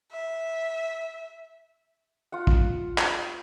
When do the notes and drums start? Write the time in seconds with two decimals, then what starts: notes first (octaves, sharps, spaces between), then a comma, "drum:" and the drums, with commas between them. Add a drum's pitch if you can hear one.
0.11 E5
2.32 F4 F#5
2.47 drum: kick
2.98 drum: clap